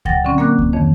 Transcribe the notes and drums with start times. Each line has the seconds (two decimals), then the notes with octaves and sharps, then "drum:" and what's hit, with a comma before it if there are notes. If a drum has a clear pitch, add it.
0.05 A#2 F#3 F#5 G5 A6 A#6, drum: kick C#2
0.25 D3 F#3 C4 C#4
0.38 A#3 A#4 D6 F#6
0.59 drum: kick C#2
0.73 F2 D#3 F3 C#5